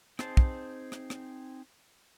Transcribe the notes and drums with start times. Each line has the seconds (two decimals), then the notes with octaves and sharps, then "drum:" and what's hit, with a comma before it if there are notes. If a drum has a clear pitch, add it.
0.19 C4 D#4 G#4 C5 A5, drum: rim click
0.37 drum: kick
0.92 drum: rim click
1.10 drum: rim click